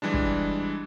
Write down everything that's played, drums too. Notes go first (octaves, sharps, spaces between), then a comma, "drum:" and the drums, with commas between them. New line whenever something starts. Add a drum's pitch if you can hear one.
E3 G3 G#3 D4
drum: kick